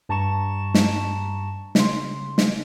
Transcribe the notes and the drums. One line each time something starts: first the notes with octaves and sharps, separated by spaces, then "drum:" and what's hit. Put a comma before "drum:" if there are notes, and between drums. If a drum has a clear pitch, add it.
G2 A5 A#5 C#6 E7
drum: snare
C#3 C6, drum: snare
drum: snare